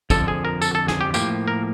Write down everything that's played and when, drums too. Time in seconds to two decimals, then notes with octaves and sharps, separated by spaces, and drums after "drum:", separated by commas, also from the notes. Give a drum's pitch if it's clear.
0.10 F2 D3 F3 A4, drum: kick, tambourine
0.28 G#4
0.45 A#4
0.62 A4, drum: tambourine
0.75 A4
0.88 G#4, drum: snare
1.01 G4
1.14 A2 F3 A#3 G4, drum: tambourine
1.48 A#4